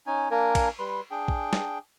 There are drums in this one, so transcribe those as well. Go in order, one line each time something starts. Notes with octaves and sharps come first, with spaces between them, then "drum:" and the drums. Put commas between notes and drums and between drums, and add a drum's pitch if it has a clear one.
C#4 D#4 G#5
A#3 D4 A#4 G#5
drum: kick, cymbal
G3 B4 C6
D4 G#4 G5
drum: kick
drum: snare